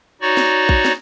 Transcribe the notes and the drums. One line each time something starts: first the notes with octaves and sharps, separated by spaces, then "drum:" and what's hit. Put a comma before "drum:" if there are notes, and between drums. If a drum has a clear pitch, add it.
D#4 F#4 C#5 D5 C#6
drum: snare
drum: kick A#1
drum: snare